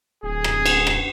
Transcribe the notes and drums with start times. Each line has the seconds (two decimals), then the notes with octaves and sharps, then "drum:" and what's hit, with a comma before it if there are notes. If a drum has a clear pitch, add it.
0.23 D1 G#4
0.44 drum: rim click
0.66 drum: cymbal
0.87 drum: rim click